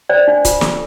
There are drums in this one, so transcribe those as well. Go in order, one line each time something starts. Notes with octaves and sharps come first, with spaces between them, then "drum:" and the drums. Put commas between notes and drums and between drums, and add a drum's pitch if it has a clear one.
C5 D5 G5
D4
F4, drum: kick C#1, hi-hat
A4, drum: snare